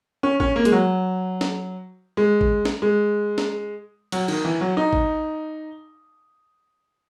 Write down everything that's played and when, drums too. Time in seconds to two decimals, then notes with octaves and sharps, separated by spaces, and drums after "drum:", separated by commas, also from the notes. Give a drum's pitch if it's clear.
0.23 C#4
0.40 C#4, drum: kick G#1
0.56 A#3
0.65 G#3, drum: hi-hat
0.72 F#3
1.41 drum: snare
2.17 G#3
2.41 drum: kick G#1
2.65 drum: snare
2.82 G#3
3.38 drum: snare
4.12 F#3, drum: cymbal
4.28 D#3, drum: cymbal
4.45 E3
4.61 F#3
4.77 D#4
4.93 drum: kick G#1